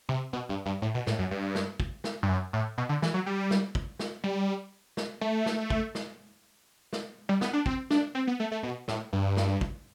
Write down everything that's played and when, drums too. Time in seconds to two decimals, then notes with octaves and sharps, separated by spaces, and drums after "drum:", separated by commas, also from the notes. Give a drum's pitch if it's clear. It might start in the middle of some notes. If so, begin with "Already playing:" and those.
0.09 C3
0.33 B2
0.49 G2
0.66 G2
0.82 A2
0.94 B2
1.07 A2, drum: snare
1.19 F#2
1.31 G2
1.55 drum: snare
1.80 drum: kick
2.04 drum: snare
2.23 G2
2.29 F#2
2.53 A2
2.78 B2
2.89 D3
3.02 E3, drum: snare
3.14 F#3
3.26 G3
3.51 drum: snare
3.75 drum: kick
3.99 drum: snare
4.24 G3
4.97 drum: snare
5.21 A3
5.46 drum: snare
5.70 drum: kick
5.95 drum: snare
6.93 drum: snare
7.29 G3
7.41 B3, drum: snare
7.53 D4
7.66 C4, drum: kick
7.90 D4, drum: snare
8.15 C4
8.27 B3
8.40 A3
8.51 A3
8.63 B2
8.88 A2, drum: snare
9.13 G2
9.37 drum: snare
9.61 drum: kick